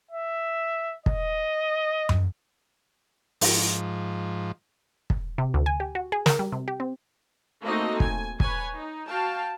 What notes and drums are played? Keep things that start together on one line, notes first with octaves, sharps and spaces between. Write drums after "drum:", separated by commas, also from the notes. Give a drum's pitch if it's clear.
E5
D#5, drum: kick
drum: tom F#2
G#2 F3, drum: open hi-hat
drum: kick
C3
D2
G#5
G4
F#4
G#4
A#4, drum: snare
G3
C3
G4
C4
A3 A#3 C4 D#4 F#4 D#5
G#5, drum: kick
B4 C#5 G#5, drum: kick
D#4
F#4 F5 G5 A5